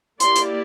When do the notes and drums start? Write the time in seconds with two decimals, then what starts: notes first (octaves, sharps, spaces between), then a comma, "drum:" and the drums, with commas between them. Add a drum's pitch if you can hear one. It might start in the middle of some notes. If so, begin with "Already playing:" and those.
0.20 A#3 E4 G4 D5 C6, drum: hi-hat
0.36 drum: hi-hat